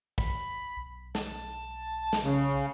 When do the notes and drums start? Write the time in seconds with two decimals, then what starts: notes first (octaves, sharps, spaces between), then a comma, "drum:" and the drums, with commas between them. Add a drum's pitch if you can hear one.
0.18 B5, drum: kick
0.76 B1
1.15 A5, drum: snare
2.13 drum: snare
2.23 C#3